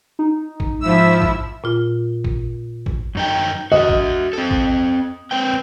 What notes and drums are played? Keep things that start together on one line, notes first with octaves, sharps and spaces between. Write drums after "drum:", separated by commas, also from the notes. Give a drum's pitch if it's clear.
D#4
drum: kick G#1
G#2 F3 E4 E6
drum: kick G#1
A#2 F4
drum: kick G#1
drum: kick G#1
F#2 D#4 G5
F#4 D#5 E5
drum: kick G#1
C4 A4
drum: kick G#1
C4 B4 G5